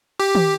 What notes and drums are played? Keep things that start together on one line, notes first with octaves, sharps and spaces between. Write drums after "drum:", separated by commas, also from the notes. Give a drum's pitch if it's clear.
G4
drum: tom D#3